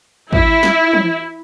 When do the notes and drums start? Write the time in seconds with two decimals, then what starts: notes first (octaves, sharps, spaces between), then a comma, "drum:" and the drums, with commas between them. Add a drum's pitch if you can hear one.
0.33 E4, drum: kick
0.63 drum: snare
0.93 drum: tom